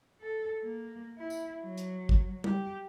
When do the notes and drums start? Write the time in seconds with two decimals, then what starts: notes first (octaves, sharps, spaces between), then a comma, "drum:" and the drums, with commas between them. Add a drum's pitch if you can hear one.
0.21 A4
0.62 A#3
1.18 E4
1.30 drum: tambourine
1.63 F#3
1.78 drum: hi-hat
2.09 drum: kick
2.44 G4, drum: tom G3